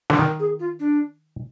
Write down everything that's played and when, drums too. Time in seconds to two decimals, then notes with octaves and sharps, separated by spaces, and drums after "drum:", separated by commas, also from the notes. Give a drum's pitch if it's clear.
0.10 D3, drum: snare
0.19 D#3 A#4
0.39 G#4
0.59 F4
0.80 D4